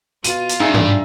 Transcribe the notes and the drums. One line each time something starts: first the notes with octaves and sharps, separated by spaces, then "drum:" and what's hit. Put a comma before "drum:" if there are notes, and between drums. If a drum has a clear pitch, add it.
B2 F4 D#7, drum: hi-hat
drum: hi-hat
G2 D4 D#4 G#4 E5
drum: tom G2